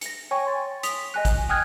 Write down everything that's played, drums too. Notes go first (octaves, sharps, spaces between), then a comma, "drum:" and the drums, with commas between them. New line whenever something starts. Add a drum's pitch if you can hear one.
A#6 C#7, drum: hi-hat
C#5 G5 G#5 C#6
C6 A6
D#6 B6 F7, drum: hi-hat
D#5 G#5 F#6
drum: kick A1, hi-hat
G5 G#5 D#6 F6 F#6 G#6